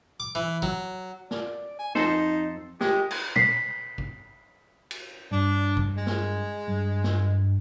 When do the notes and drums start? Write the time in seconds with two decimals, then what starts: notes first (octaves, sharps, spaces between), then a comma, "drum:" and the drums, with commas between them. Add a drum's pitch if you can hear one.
0.20 D6
0.35 E3
0.62 F#3, drum: kick
1.31 D5, drum: snare
1.79 G#5
1.95 F2 D#4 A4 C5, drum: snare
2.81 G#3 G4, drum: snare
3.11 drum: cymbal
3.36 B6 C7, drum: tom
3.98 drum: kick
4.91 drum: cymbal
5.31 G2 D4
5.77 drum: kick
5.96 G#3
6.07 drum: snare
6.67 G2
7.04 drum: snare